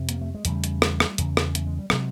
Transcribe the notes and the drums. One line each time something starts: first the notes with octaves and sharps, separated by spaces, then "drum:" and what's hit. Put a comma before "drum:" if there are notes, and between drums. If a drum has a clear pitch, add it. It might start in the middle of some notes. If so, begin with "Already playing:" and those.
Already playing: F2 C3
A#3, drum: hi-hat
A3
G#3
E2 C#3 G3 A3, drum: hi-hat
drum: hi-hat
drum: rim click
drum: rim click
E2 C#3, drum: hi-hat
drum: rim click
A3, drum: hi-hat
G#3
G3
C3 F#3 G#3, drum: rim click